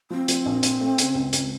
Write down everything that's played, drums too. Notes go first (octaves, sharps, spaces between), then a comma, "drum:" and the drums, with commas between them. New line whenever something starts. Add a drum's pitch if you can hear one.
F3 C4
F3, drum: hi-hat
A#1
A#1, drum: hi-hat
A3
C#3, drum: hi-hat
C#2
C#2, drum: hi-hat